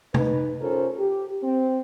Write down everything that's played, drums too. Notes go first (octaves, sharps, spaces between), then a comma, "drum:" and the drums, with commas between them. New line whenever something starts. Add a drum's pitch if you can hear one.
D#4 B4, drum: tom C3
C#4 F4 A4 A#4 C5
G4
C4